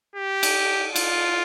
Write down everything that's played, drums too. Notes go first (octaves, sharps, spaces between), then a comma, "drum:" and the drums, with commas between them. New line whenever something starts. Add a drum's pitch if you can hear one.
G4
drum: cymbal
F4, drum: cymbal